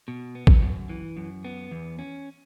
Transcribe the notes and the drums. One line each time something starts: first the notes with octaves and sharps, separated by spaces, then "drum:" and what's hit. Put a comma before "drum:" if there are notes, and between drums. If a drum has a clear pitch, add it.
B2
B3
drum: kick A1
F#2
E3
F#2
B3
E2
C#4